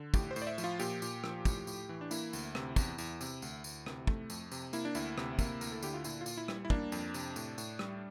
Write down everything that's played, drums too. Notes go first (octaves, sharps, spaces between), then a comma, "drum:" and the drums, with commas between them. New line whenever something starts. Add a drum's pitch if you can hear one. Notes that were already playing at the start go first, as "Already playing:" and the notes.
Already playing: D3
A2 G4, drum: kick, tambourine
C5
A2, drum: tambourine
D5
E5
F3, drum: tambourine
F4
A#2 G4, drum: tambourine
A#2, drum: tambourine
F3, drum: rim click
A2, drum: kick, tambourine
A2, drum: tambourine
E3
D4
A#3 E4, drum: tambourine
D2, drum: tambourine
C3, drum: rim click
E2, drum: kick, tambourine
E2, drum: tambourine
C3, drum: tambourine
D2, drum: tambourine
D2, drum: tambourine
C3, drum: rim click
A3, drum: kick
F2, drum: tambourine
C3, drum: tambourine
A#3 E4, drum: tambourine
D4
D2 E4, drum: tambourine
C3, drum: rim click
A#3, drum: kick, tambourine
D2 A#4, drum: tambourine
A4
D3 G4, drum: tambourine
F4
A#2 E4, drum: tambourine
F4
A#2, drum: tambourine
E4
G3, drum: rim click
E4
A#3 D4, drum: kick
F2, drum: tambourine
C3, drum: tambourine
A2, drum: tambourine
A2, drum: tambourine
G3, drum: rim click